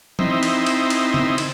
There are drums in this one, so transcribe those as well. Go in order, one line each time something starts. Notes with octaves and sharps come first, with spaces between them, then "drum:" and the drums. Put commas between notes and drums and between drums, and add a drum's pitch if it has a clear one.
C4 D#4 E4, drum: tom
drum: cymbal
drum: cymbal
drum: cymbal
drum: tom
drum: cymbal